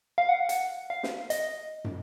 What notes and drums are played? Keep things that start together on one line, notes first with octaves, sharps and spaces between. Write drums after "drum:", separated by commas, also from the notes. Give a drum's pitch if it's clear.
F5
F#5
F#5, drum: hi-hat
F5
drum: snare
D#5, drum: hi-hat
drum: tom